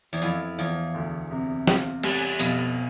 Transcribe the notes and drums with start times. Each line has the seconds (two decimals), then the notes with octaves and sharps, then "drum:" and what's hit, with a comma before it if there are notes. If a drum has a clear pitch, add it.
0.13 E2
0.22 F2 E4
0.58 E2 F3
0.94 D2
1.31 C3
1.67 F4, drum: snare
2.03 G3, drum: cymbal
2.39 F2 B2, drum: hi-hat